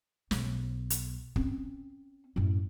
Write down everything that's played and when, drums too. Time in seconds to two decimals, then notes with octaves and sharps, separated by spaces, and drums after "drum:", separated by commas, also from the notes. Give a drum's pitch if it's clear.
0.31 B1, drum: snare
0.90 drum: hi-hat
1.36 C4 C#4, drum: kick
2.36 F#2 A2